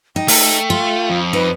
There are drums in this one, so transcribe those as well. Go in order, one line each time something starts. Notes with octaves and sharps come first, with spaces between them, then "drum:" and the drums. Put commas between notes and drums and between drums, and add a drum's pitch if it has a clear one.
D#4 G5
A3, drum: open hi-hat
F4
F2
D#4 B4